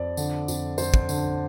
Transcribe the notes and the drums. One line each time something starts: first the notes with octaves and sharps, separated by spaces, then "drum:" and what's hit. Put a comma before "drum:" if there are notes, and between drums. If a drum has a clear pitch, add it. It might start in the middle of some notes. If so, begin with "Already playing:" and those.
Already playing: F2 D5
D3, drum: tambourine
F2, drum: tambourine
F2 C5, drum: tambourine
drum: kick
D3, drum: tambourine